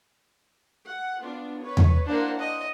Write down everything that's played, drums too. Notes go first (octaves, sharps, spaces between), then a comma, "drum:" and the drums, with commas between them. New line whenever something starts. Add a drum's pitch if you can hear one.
F#5
B3 D4 F4
B4 C#5
drum: tom E2
A#3 D4 E4 C5 F#5
D#5